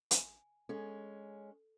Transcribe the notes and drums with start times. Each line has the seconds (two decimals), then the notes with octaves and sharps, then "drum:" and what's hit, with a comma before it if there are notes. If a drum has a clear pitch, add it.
0.11 G#5, drum: hi-hat
0.69 G#3 C#4 A4